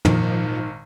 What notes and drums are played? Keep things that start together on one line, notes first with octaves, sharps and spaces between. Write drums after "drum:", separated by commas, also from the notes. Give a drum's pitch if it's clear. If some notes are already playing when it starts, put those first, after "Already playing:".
G#1 A#2 D#3 F3, drum: tom